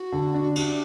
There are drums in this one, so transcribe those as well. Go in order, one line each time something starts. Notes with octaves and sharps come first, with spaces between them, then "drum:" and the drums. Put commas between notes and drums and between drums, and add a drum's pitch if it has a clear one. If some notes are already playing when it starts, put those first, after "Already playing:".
Already playing: F#4
D3
D4
D4 G4, drum: cymbal